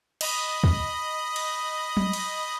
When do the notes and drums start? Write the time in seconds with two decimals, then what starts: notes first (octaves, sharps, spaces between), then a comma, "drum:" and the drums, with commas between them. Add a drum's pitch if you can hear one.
0.21 D#5 B5 D#6, drum: cymbal
0.64 drum: kick
1.36 drum: cymbal
1.97 drum: tom
2.13 drum: cymbal